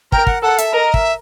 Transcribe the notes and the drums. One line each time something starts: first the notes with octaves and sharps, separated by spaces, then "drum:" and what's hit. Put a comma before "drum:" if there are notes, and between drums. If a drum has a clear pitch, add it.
A#4 G5, drum: kick
F#5, drum: kick
A4 F#5
E5, drum: hi-hat
A#4 D#5
E5, drum: kick